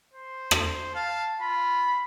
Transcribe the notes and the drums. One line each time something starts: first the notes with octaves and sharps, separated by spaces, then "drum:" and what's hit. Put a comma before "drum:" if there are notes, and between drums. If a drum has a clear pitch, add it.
C5
drum: rim click
F5 A5
F4 B5